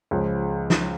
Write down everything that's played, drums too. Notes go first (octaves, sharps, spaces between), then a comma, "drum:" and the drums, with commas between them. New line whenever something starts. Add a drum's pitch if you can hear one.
C#2 C#3 F3 G#3 C#4
drum: snare